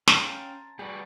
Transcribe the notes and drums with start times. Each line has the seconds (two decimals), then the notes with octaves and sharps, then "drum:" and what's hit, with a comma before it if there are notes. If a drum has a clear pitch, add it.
0.08 C#4 F5 G5 A5 A#5 C6, drum: snare
0.79 G3 F#4 G#4 B4 D5 G5